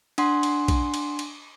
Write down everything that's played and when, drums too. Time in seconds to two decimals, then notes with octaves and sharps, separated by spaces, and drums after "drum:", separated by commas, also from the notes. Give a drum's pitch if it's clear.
0.18 D4 F#5 C6, drum: cymbal
0.43 drum: cymbal
0.68 drum: kick, cymbal
0.94 drum: cymbal
1.19 drum: cymbal